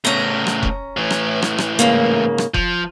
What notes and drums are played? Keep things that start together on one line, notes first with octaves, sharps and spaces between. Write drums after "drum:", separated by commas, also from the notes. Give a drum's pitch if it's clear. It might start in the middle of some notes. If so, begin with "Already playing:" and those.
A2 C#3 C#4 A#5
drum: rim click
drum: kick F1
A2 E3
drum: rim click
drum: rim click
drum: rim click
G#2 C#3 A#3
drum: rim click
F3, drum: kick F1